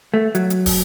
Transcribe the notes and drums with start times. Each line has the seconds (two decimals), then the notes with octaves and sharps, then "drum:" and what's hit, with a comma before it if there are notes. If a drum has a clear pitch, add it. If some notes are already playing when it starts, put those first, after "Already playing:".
0.14 A3
0.35 F#3, drum: hi-hat
0.50 drum: hi-hat
0.66 drum: kick, open hi-hat